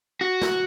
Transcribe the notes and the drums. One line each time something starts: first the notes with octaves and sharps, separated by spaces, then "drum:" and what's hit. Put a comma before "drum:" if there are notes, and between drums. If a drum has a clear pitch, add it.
F#4
drum: snare